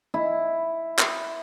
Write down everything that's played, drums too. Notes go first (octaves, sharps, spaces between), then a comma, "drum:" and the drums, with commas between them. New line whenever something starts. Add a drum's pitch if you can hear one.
E4
drum: clap